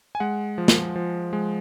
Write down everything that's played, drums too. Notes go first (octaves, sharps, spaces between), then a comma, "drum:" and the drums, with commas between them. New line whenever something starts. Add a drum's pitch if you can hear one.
G#5
G#3 F#5
F3
drum: snare
F3
G#3